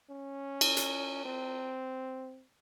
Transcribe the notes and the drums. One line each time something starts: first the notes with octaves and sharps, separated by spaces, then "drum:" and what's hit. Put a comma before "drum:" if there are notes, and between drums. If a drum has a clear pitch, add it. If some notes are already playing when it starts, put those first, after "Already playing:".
C#4
drum: cymbal
drum: hi-hat
C4